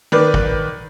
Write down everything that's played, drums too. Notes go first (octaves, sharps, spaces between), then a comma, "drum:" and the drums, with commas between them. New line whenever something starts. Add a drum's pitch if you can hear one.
D#3 B4 D5
drum: kick